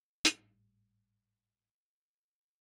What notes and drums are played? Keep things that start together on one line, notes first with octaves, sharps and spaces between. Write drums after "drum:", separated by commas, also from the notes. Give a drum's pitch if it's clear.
G#1 A2 G3, drum: hi-hat